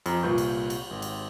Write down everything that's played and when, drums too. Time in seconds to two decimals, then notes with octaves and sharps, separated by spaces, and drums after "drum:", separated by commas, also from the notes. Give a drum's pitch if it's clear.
0.06 F2 A#5, drum: cymbal
0.23 C2 A#2 F4 B4 C#6 G6
0.38 drum: cymbal
0.70 drum: cymbal
0.91 G#1
1.02 drum: cymbal